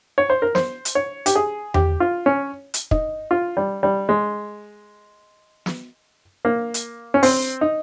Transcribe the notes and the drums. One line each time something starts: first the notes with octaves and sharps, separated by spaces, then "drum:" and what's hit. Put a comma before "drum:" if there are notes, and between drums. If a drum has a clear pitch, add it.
C#5
C5
A#4
C5, drum: snare
drum: hi-hat
C#5
G4, drum: hi-hat
G#4
G4, drum: tom E2
F4
C#4
drum: hi-hat
D#4, drum: kick
F4
G3
G3
G#3
drum: snare
A#3
drum: hi-hat
C#4
C4, drum: open hi-hat
D#4